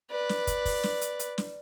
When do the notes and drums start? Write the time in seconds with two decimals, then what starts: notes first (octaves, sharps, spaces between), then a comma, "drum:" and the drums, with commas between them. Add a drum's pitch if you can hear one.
0.11 B4 D5
0.29 drum: snare
0.47 drum: kick, hi-hat
0.65 drum: kick, open hi-hat
0.83 drum: snare
1.02 drum: hi-hat
1.20 drum: hi-hat
1.38 drum: snare